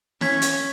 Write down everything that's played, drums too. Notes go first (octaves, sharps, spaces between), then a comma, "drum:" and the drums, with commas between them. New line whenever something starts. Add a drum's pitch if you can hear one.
C#4 G#6 B6, drum: snare
drum: hi-hat